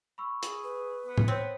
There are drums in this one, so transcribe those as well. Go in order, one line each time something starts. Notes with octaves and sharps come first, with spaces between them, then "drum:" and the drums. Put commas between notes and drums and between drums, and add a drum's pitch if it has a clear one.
B5 C#6 E6
G#4, drum: hi-hat
B4
B3
drum: tom A2
C4 C#5